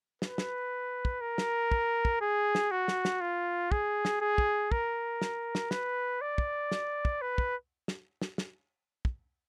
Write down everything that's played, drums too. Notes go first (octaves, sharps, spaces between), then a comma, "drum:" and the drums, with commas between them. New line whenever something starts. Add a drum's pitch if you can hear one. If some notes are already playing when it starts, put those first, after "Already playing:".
B4, drum: snare
drum: snare
drum: kick
A#4
drum: snare
drum: kick
drum: kick
G#4
drum: snare
F#4
drum: snare
drum: snare
F4
G#4, drum: kick
drum: snare
G#4
drum: kick
A#4, drum: kick
drum: snare
drum: snare
B4, drum: snare
D5
drum: kick
drum: snare
drum: kick
B4
drum: kick
drum: snare
drum: snare
drum: snare
drum: kick